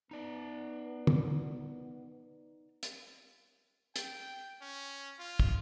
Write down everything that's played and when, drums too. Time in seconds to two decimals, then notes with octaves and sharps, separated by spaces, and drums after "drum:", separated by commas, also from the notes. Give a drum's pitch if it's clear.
0.11 B3 D#4 D5
1.07 drum: tom
2.83 drum: hi-hat
3.96 G5, drum: hi-hat
4.61 C#4
5.19 F4
5.40 drum: kick